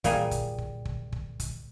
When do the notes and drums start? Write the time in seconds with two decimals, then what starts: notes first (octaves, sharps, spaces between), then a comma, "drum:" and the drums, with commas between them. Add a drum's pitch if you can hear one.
0.04 A#2 G3 A#3 G#4, drum: kick, hi-hat
0.31 drum: kick, hi-hat
0.58 drum: kick
0.85 drum: kick
1.12 drum: kick
1.40 drum: kick, hi-hat